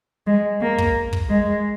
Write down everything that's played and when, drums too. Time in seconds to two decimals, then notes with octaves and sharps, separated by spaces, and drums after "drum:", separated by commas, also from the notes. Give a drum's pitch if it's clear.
0.27 G#3
0.61 A#3
0.78 drum: kick
1.13 drum: kick
1.29 G#3